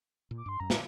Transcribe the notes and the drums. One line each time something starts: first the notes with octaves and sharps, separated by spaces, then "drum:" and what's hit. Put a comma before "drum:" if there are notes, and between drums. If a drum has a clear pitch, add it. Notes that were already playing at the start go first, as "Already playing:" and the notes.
A#2
D6
G2 C6
F#2 A#5
A2, drum: snare